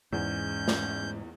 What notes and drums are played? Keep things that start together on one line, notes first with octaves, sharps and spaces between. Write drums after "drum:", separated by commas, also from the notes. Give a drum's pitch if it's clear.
E2 G#2 C#4 G6
drum: snare